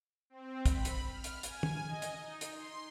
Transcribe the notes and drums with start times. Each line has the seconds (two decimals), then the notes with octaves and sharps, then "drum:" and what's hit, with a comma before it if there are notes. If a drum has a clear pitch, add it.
0.30 C4
0.66 B5, drum: kick, hi-hat
0.85 drum: hi-hat
1.08 F6
1.24 drum: hi-hat
1.43 G#5, drum: hi-hat
1.63 drum: tom
1.87 D#5
2.02 drum: hi-hat
2.19 D#4
2.41 drum: hi-hat
2.53 C6